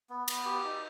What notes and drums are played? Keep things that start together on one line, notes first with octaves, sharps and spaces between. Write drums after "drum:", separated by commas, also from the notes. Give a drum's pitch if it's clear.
B3
B3, drum: cymbal
G4
D#4